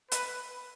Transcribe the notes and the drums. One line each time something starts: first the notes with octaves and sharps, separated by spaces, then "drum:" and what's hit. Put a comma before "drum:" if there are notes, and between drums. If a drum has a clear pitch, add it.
B4, drum: hi-hat